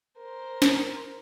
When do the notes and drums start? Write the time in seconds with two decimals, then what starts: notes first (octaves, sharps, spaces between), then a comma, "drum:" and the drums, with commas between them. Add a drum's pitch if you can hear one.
0.18 A#4 C5
0.62 drum: snare